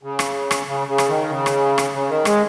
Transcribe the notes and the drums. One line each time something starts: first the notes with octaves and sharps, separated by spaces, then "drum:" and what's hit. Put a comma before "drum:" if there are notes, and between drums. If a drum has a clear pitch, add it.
C#3
drum: rim click
drum: rim click
C#3
C#3
drum: rim click
D#3
C#3
drum: rim click
drum: rim click
C#3
D#3
G#3, drum: rim click